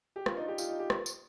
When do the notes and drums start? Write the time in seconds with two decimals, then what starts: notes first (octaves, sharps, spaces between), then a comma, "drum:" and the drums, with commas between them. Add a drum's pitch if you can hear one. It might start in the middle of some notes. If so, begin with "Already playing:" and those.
0.16 G4
0.26 F4, drum: rim click
0.32 D4
0.37 D#4
0.48 G4
0.58 F4, drum: tambourine
0.68 D#4
0.79 G4
0.90 drum: rim click
1.06 drum: tambourine